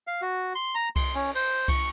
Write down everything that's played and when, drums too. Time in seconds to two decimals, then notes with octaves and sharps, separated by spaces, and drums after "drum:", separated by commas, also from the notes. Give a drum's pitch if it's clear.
0.07 F5
0.22 F#4
0.55 C6
0.75 A#5
0.96 C6, drum: kick C2, cymbal
1.15 C#4
1.35 C5, drum: cymbal
1.68 C#6, drum: kick C2, cymbal